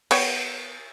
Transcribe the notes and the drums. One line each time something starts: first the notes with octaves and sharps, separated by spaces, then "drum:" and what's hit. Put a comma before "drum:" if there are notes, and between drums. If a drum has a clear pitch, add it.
B3 C#5 G5, drum: cymbal